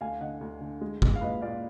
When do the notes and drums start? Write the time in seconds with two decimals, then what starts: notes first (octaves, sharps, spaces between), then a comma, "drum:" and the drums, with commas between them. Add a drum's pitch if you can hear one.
0.01 D2 F5 G#5
0.21 D3 D#5 F#5
0.41 D2
0.61 D3
0.81 G#3
1.02 G#3, drum: kick
1.16 F5
1.21 A#2 B4 D#5
1.41 A#2 D5 F5